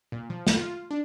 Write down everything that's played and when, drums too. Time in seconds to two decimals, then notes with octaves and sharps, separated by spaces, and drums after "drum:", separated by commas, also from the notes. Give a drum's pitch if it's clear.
0.12 A#2
0.30 F3
0.47 drum: snare
0.56 F4
0.91 D4